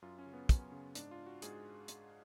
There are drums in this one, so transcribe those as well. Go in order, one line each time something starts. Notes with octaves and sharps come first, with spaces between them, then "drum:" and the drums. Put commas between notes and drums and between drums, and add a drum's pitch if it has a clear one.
F#2 F4
C#4
C#3
B3
F#2 C#4, drum: kick, hi-hat
C#3
G#2 D4, drum: hi-hat
F4
F#4
G#2 G#4, drum: hi-hat
drum: hi-hat